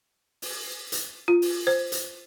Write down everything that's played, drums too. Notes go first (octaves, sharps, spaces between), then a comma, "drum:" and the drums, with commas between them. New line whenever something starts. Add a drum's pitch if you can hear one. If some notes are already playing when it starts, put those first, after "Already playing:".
drum: open hi-hat
drum: hi-hat
F4
drum: open hi-hat
C5
drum: hi-hat